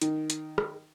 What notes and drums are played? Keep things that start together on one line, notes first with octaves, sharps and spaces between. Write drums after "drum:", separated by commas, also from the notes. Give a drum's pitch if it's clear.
D#3, drum: hi-hat
drum: hi-hat
drum: rim click